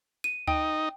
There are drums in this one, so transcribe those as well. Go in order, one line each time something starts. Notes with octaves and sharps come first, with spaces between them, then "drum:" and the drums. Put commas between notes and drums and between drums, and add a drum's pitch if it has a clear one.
D#7
D#4 G5, drum: kick D2